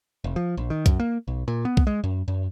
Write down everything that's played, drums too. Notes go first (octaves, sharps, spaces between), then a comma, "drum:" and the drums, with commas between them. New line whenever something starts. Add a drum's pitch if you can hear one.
F1
F3
A#1
D#3
F#2, drum: kick B1, hi-hat
A#3
B1
A#2
B3
drum: kick B1
G#3
F#2
F#2